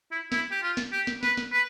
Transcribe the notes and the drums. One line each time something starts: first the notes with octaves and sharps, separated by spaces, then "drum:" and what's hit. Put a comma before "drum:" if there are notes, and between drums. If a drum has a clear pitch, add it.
E4
E4, drum: snare
G4
F4
drum: snare
G4
drum: snare
B4, drum: snare
drum: snare
B4